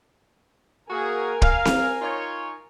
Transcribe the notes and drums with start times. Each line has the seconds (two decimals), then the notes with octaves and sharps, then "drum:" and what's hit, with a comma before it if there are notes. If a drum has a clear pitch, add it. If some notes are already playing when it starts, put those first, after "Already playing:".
0.90 A#3 F#4 G#4 A#4 G#5
1.42 F5, drum: kick
1.65 drum: snare C4
2.02 D#4 F4 C#5